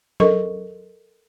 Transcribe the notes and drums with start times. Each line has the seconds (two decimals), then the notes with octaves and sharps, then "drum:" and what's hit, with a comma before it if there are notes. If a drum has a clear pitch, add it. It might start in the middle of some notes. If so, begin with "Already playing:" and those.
0.20 A4 A#4 D#5 C#6, drum: tom F#3